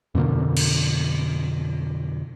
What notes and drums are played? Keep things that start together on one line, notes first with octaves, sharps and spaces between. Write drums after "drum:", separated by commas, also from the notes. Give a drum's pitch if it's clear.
F2 B2 D3 A#3
drum: cymbal